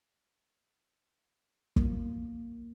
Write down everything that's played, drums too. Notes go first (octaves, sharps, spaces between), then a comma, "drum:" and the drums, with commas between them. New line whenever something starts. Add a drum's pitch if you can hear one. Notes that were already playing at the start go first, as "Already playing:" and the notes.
A#3, drum: kick